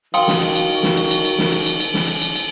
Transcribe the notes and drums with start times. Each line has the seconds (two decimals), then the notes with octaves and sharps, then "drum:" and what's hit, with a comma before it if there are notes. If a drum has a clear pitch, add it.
0.14 D#3 F#4 F5 G5 C6 D#6, drum: cymbal
0.28 drum: snare
0.42 drum: cymbal
0.55 drum: cymbal
0.83 drum: snare
0.97 drum: cymbal
1.11 drum: cymbal
1.25 drum: cymbal
1.39 drum: snare
1.52 drum: cymbal
1.66 drum: cymbal
1.80 drum: cymbal
1.94 drum: snare
2.08 drum: cymbal
2.22 drum: cymbal
2.36 drum: cymbal